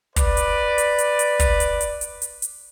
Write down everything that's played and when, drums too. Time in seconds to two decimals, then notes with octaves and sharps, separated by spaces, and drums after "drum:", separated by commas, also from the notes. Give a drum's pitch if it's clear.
0.16 B4 D5, drum: kick, hi-hat
0.37 drum: hi-hat
0.78 drum: hi-hat
0.98 drum: hi-hat
1.19 drum: hi-hat
1.39 drum: kick, hi-hat
1.60 drum: hi-hat
1.81 drum: hi-hat
2.01 drum: hi-hat
2.22 drum: hi-hat
2.42 drum: hi-hat